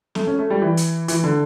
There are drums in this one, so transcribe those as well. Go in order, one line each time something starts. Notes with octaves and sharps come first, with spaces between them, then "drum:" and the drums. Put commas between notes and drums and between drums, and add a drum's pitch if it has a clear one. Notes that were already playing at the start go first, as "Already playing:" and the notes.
A3, drum: snare C4
C#4
A3
G3
E3
drum: hi-hat
E3, drum: hi-hat
D3